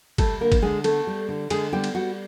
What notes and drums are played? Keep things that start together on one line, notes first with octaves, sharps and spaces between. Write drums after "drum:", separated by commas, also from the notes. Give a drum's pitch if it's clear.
G3 A3 A4, drum: kick, cymbal
D3 A#3 A#4
drum: kick, cymbal
D3 G#3 G#4
A3 B3 A4, drum: cymbal
G3
D3
D3 G#3 G#4, drum: cymbal
G3 B3 G4
drum: cymbal
G3 F#4